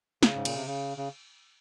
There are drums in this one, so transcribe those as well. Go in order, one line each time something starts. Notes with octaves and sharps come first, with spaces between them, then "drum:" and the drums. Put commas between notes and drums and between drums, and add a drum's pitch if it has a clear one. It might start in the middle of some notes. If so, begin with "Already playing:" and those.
C#3, drum: snare
G#2
A#2, drum: cymbal
C3
C#3
C#3